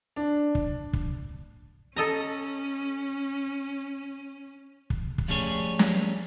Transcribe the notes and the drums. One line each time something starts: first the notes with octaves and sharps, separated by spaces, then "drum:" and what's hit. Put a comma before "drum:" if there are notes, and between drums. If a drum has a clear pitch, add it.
D4
drum: kick
drum: kick
C#4 A4 D#5 A#5
drum: kick
drum: kick
F3 G3 A3 C#4 G#4 C#5
drum: snare